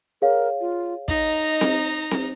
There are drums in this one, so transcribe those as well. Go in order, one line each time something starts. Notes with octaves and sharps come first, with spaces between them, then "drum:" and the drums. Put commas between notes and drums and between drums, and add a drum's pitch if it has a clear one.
G#4 A#4 C#5 F5
F4
D#4 D#5 A#5, drum: kick
drum: snare C4
drum: snare C4